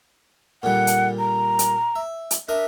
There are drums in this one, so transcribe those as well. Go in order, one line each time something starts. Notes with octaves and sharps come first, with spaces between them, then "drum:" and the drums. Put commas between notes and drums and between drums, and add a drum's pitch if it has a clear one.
A#2 D3 G3 F#5
drum: hi-hat
A#5
drum: hi-hat
E5
drum: hi-hat
D4 A#4 E5 D#6